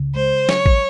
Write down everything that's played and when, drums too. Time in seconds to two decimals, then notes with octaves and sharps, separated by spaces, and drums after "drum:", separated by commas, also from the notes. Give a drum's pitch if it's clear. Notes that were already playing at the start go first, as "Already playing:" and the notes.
Already playing: C#2 C#3
0.15 G#3 C5
0.49 F#3 C#5, drum: snare
0.66 drum: kick